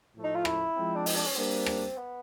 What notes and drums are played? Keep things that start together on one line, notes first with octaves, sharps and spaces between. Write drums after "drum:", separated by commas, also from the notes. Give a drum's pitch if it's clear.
A2 F3 A3
D#4
F4
E4, drum: rim click
F3 G#3 C4
D4
D#4, drum: open hi-hat
D4
C#4
G3 A#3 C4 D4
drum: rim click
B3